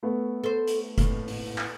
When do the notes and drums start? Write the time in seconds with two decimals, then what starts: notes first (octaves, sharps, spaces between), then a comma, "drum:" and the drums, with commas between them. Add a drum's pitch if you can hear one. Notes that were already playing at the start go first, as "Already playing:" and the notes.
0.03 A3 B3
0.44 A4 C5
0.68 drum: hi-hat
0.98 D#2 A2, drum: kick F1, hi-hat
1.28 drum: open hi-hat
1.58 drum: clap